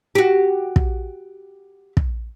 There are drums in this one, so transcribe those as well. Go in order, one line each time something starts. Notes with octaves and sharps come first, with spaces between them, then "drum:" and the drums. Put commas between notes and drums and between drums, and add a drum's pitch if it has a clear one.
F#4 G4
drum: kick
drum: kick